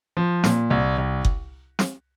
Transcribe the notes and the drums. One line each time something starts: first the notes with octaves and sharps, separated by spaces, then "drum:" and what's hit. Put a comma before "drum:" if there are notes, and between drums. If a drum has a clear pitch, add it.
F3
A#2, drum: snare
C2
C2
drum: kick F#1
drum: snare